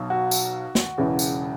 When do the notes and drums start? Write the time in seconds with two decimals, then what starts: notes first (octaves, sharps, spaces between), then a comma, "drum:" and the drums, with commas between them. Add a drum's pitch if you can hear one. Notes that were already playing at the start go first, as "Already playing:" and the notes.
Already playing: B1 B2 F#3
0.10 F#4
0.31 drum: tambourine
0.75 drum: snare
0.98 E1 E2 C#3 E3
1.19 drum: tambourine